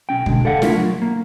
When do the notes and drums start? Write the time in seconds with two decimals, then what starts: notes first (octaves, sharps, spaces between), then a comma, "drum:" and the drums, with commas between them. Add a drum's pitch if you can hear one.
0.09 B1 C#4 G5
0.26 B2 D3 G#3, drum: kick
0.45 A4 D5 F5 F#5
0.62 C#3 A3 D4 E4 F4 A#4, drum: snare
0.76 F#3
1.02 A#3